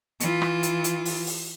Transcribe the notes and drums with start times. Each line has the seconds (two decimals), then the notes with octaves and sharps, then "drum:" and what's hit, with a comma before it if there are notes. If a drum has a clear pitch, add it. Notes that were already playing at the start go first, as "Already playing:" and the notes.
0.20 E3 F4, drum: hi-hat
0.42 drum: rim click
0.63 drum: hi-hat
0.84 drum: hi-hat
1.05 drum: open hi-hat
1.27 drum: open hi-hat